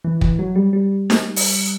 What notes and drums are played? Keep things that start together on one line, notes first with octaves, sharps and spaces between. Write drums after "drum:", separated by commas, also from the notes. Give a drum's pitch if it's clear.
E3
E3, drum: kick
F#3
G3
G3
drum: snare D#4
drum: open hi-hat